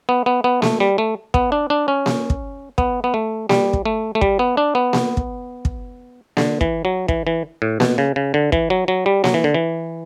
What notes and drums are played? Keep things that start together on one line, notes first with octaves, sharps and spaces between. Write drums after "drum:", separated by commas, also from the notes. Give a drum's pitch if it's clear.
B3
B3
B3
A3, drum: snare A#3
G3
A3
B3, drum: kick
D4
D4
C#4
drum: snare A#3
drum: kick
B3, drum: kick
B3
A3
G3, drum: snare A#3
drum: kick
A3
A3
G3, drum: kick
B3
D4
B3
drum: snare A#3
drum: kick
drum: kick
D3, drum: snare A#3
E3, drum: kick
F#3
E3, drum: kick
E3
A2
B2, drum: snare A#3
C#3
C#3
D3
E3, drum: kick
F#3
F#3
G3
F#3, drum: snare A#3
E3
D3
E3